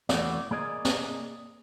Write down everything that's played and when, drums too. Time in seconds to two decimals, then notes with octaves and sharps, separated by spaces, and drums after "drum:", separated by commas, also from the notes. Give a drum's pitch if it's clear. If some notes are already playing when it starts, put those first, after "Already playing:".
0.09 E2 E3 A3 F#4 D5, drum: snare
0.51 A#3 G#4 D5 D#5
0.85 drum: snare